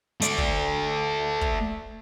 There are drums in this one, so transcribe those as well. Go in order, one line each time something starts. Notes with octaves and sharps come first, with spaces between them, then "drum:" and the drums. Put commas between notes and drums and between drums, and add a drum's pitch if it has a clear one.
A3 D5, drum: hi-hat
drum: kick
drum: kick